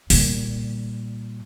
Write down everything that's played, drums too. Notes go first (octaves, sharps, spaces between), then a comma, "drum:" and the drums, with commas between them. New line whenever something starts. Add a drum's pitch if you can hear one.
A#2 G3, drum: open hi-hat